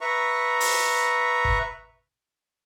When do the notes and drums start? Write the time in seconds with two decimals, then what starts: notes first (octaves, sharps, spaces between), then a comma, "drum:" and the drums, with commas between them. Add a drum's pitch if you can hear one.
0.01 B4 E5 A#5 C#6
0.60 drum: open hi-hat
1.45 drum: kick G1